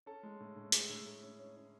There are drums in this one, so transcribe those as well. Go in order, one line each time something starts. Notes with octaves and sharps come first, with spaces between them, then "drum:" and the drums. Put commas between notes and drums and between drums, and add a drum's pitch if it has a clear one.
C#4 A4
G#3
A2
A2
A2 G#4, drum: hi-hat
A2
A2
C#4
C#4
C#4